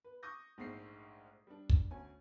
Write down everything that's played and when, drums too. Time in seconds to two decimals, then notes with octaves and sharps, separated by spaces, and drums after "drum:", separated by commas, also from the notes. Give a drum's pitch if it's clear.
0.04 B4
0.23 C#6 D#6 G6 A#6
0.58 A#1 G#2 G#3 A3 C7
1.47 G3 D4
1.69 drum: kick
1.91 D2 C#4 G#5